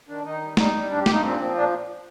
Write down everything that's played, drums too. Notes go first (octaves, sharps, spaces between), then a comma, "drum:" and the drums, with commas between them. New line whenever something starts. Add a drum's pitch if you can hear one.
D#3 D4
D#3 D#4
G3
G3 D#4, drum: snare
G3
G2 D4
G4
G2, drum: snare
D#4
A#2 C4
D4
F3 C4
A#2 D4